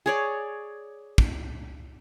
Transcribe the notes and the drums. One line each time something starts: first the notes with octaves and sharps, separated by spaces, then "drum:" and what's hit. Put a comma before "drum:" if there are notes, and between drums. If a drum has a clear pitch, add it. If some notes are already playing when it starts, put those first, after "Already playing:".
G#4 C#5 D5
drum: kick